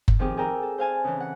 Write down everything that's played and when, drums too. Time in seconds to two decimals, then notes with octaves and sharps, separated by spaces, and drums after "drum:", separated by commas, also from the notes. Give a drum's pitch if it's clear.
0.08 drum: kick F#1
0.19 D#3 F3 C4 G4 G#4
0.37 G#4 A#4 D5 G5 A#5 E6
0.63 A4
0.78 C5 F5 G#5 A5
1.04 C#3 E3
1.20 F#5